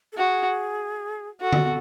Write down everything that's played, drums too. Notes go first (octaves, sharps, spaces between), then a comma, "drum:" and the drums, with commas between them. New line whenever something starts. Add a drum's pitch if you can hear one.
A4
F#4 G#4
F#4 A4
drum: tom D3